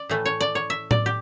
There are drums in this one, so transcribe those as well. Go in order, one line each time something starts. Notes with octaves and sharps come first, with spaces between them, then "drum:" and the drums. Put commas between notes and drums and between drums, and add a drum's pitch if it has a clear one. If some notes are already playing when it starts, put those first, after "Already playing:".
Already playing: D5
A2 E3 A3
C#5
D5
C#5
E5
D5, drum: tom A2
G4